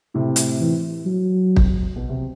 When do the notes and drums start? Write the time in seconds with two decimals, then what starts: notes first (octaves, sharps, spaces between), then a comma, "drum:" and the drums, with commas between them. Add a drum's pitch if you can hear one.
0.14 A2 C3
0.36 drum: hi-hat
0.61 E3
1.06 F#3
1.56 drum: kick
1.96 B2
2.09 C3